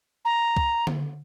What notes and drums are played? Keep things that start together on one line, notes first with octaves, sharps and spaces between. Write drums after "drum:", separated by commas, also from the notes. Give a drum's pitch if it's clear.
A#5
drum: kick C2
drum: tom D3